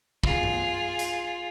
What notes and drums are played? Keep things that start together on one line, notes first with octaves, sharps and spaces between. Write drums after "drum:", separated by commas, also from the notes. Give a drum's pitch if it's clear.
F4 G#4, drum: kick
drum: tom G2
drum: hi-hat